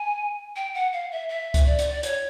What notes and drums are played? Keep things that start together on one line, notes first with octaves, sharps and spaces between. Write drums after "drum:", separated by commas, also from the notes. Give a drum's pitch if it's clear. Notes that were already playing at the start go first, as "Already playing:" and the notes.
Already playing: G#5
G5
F#5
F5
E5
E5
drum: kick C#2, hi-hat
D5
drum: hi-hat
D5
C#5, drum: hi-hat